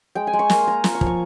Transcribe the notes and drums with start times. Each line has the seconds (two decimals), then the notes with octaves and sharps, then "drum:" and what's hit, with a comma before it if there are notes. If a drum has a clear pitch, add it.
0.15 G#3 G5
0.27 G#5
0.33 G#3
0.39 C#6
0.50 A#3 C6, drum: snare
0.67 A#3 A#5
0.84 F4 A#5, drum: snare
0.95 C#6
1.01 F3, drum: kick
1.06 C#6